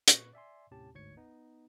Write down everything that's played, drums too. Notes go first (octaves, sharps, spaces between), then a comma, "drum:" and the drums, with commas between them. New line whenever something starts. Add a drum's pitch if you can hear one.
A#2 B4 C#6 F#6, drum: hi-hat
D5 E5 G#5 C6
D#2 A2 C3 C#4 G4 A5
G1 D2 G#2 C#5 G#6 C#7
B3 D#4